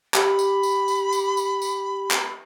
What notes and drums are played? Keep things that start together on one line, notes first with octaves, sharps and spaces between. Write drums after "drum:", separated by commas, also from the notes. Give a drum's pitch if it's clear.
G4 B5, drum: clap
drum: tambourine
drum: tambourine
drum: tambourine
drum: tambourine
drum: tambourine
drum: tambourine
drum: clap